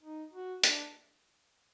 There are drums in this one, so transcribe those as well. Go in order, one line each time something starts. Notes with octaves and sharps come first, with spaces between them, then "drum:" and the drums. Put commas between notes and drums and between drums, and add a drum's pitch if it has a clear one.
D#4
F#4
D4, drum: hi-hat